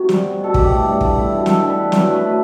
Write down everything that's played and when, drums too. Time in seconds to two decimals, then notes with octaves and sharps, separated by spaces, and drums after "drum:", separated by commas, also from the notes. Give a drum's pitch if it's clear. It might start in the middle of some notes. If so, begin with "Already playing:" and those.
Already playing: C3 F#4
0.09 G3, drum: snare
0.25 B3
0.39 B2 A4
0.54 E3 G4, drum: kick
0.70 A3
0.85 G2
1.01 A3, drum: kick
1.15 E4
1.31 B2
1.46 B3 A4, drum: snare
1.62 D4
1.69 B4
1.77 E3
1.92 F#3 B4, drum: snare
2.07 A3
2.15 B4
2.22 B2